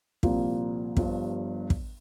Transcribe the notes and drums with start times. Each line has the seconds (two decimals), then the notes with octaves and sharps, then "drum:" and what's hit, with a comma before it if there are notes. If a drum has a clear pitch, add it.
0.23 C2 A#2 F3 A#3 F4, drum: kick
0.97 G1 G2 F3, drum: kick
1.70 drum: kick